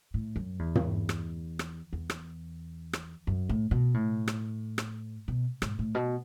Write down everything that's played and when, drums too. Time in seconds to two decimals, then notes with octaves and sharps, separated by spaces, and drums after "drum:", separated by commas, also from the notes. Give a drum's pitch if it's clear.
0.14 A2
0.36 F#2
0.59 E2
0.75 drum: tom
1.09 drum: rim click
1.59 drum: rim click
1.93 E2
2.10 drum: rim click
2.93 drum: rim click
3.27 F#2
3.49 A2
3.71 B2
3.94 A2
4.28 drum: rim click
4.78 drum: rim click
5.28 B2
5.62 G#2, drum: rim click
5.79 A2
5.95 B2